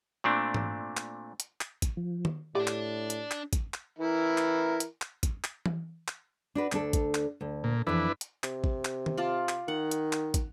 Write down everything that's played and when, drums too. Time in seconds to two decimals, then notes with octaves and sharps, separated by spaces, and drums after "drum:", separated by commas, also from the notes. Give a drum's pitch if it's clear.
0.24 A#2 A3 C4 D4
0.54 drum: tom G#2
0.97 drum: clap
1.40 drum: hi-hat
1.61 drum: clap
1.82 drum: kick, hi-hat
1.97 F3
2.25 drum: tom D#3
2.55 A2 D4 G4 D5
2.67 drum: clap
3.10 drum: hi-hat
3.31 drum: clap
3.53 drum: kick, hi-hat
3.74 drum: clap
3.99 E3 E4 A#4
4.38 drum: clap
4.80 drum: hi-hat
5.02 drum: clap
5.23 drum: kick, hi-hat
5.44 drum: clap
5.66 drum: tom E3
6.08 drum: clap
6.55 D4 F#4 B4
6.72 D2 D4 A4, drum: clap
6.93 drum: kick, hi-hat
7.15 drum: clap
7.41 D2
7.64 A#2
7.87 F2 E3 D4 E4 B4
8.21 drum: hi-hat
8.44 C3, drum: clap
8.64 drum: kick
8.85 drum: clap
9.06 drum: tom D#3
9.18 F4 D5 A5
9.49 drum: clap
9.68 D#3 F#5
9.91 drum: hi-hat
10.13 drum: clap
10.34 drum: kick, hi-hat